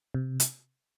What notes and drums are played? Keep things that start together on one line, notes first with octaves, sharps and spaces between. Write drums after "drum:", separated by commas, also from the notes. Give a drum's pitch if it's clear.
C3
drum: hi-hat